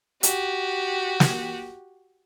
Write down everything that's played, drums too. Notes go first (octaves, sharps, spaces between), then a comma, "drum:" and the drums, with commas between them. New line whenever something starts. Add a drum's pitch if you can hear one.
F#4 G4, drum: hi-hat
drum: snare